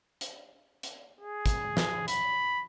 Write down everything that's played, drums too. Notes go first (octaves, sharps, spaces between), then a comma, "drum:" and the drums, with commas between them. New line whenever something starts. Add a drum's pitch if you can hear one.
drum: hi-hat
drum: hi-hat
G#4
drum: kick, hi-hat
drum: snare
B5, drum: hi-hat